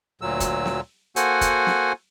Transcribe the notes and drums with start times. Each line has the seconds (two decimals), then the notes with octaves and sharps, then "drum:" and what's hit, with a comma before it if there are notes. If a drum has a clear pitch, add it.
0.21 D2 A#2 F#3 E6
0.40 drum: kick, hi-hat
0.66 drum: snare
1.16 A#3 F#4 A4 C5 F#5 G#5, drum: hi-hat
1.41 drum: kick, hi-hat
1.67 drum: snare